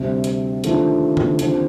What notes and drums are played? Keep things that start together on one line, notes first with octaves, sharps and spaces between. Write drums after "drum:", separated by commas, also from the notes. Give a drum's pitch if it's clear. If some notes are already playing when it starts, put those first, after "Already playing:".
Already playing: D2 C3 G3 C4
drum: hi-hat
D#2 D3 F3 A3, drum: hi-hat
drum: tom C#3
D#2 D3 F3 C4, drum: hi-hat